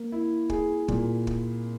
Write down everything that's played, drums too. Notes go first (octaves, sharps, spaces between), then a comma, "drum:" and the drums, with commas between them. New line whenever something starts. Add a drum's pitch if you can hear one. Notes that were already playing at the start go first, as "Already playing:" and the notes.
Already playing: A#3
E4
G#4, drum: kick
A#2, drum: kick
drum: kick